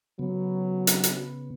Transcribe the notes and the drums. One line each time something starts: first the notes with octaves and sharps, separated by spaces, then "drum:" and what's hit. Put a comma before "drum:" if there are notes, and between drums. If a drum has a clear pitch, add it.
C#3 F#3 B3
drum: hi-hat
drum: hi-hat